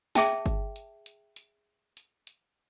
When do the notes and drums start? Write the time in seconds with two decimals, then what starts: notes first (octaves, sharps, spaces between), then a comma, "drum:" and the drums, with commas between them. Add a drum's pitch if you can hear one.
0.15 G#4 E5 G5 A5, drum: snare
0.46 drum: kick G1, hi-hat
0.76 drum: hi-hat
1.06 drum: hi-hat
1.36 drum: hi-hat
1.97 drum: hi-hat
2.27 drum: hi-hat